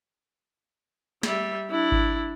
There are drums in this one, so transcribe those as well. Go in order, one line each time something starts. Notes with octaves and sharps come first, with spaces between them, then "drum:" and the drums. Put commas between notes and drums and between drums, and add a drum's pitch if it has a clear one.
G3 E5, drum: snare
D4 E4
drum: kick G#1